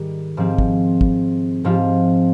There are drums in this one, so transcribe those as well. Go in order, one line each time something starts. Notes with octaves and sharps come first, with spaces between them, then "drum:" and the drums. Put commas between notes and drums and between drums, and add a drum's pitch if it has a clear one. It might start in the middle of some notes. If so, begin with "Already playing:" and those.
Already playing: G#2 D#3 G3
G#2 F3 C4
drum: kick
drum: kick
G#2 F3 C4 F4